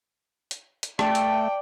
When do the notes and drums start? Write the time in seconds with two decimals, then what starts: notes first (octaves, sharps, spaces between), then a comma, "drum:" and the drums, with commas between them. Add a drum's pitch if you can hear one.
0.51 drum: hi-hat
0.83 drum: hi-hat
0.99 A3 D5 G5 A5, drum: rim click
1.15 drum: hi-hat